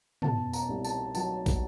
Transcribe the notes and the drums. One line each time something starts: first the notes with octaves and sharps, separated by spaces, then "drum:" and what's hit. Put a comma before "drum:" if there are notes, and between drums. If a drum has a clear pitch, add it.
B2 A5, drum: tom
A#5, drum: tambourine
C2
A5, drum: tambourine
F#3 A5, drum: tambourine
drum: kick, tambourine